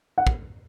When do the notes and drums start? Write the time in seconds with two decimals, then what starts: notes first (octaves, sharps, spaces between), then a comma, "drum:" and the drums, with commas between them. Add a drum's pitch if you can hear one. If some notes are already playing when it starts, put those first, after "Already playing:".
0.18 F#5
0.27 drum: kick